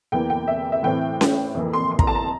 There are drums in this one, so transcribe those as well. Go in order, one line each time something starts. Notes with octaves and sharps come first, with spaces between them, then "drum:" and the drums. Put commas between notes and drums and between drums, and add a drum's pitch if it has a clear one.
E2 E3 A#3 G5
G5
E5
E5
A2 E3 A3 C4 G5
drum: snare C#4
F2 E3 A#3
C6
C6
A#5, drum: kick
A5
A#5